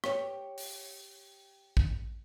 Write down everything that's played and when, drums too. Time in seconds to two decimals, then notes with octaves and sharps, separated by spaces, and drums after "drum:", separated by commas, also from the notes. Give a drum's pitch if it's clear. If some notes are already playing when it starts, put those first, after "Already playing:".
0.04 G4 C#5 G5, drum: rim click
0.58 drum: open hi-hat
1.77 drum: kick A1